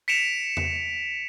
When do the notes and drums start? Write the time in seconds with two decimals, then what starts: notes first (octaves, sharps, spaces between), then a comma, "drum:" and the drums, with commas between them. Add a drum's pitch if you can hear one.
0.08 B6 C#7 D7 E7 F7
0.57 drum: tom E2